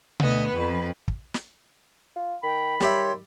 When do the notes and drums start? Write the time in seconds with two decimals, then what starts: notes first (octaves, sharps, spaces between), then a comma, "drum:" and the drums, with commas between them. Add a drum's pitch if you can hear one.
0.20 D2 B3 D#5, drum: tom B2
0.48 F2 B4
1.08 drum: kick
1.34 drum: snare
2.16 F4
2.43 D#3 G5 B5
2.80 D#3 G3 G4 C#5 E5 C6, drum: snare